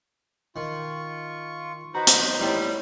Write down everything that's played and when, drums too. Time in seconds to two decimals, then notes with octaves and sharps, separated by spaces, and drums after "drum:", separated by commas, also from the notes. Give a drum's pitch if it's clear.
0.56 D#3 F4 C#6
1.95 D#4 F#4 B4 C5 A#5
2.07 drum: hi-hat
2.40 A2 G3